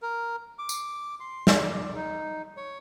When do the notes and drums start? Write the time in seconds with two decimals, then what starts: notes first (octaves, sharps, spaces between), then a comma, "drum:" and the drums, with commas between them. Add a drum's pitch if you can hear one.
0.02 A#4
0.59 D6
0.69 drum: tambourine
1.20 C6
1.47 drum: snare
1.58 D5
1.95 D#4
2.57 C#5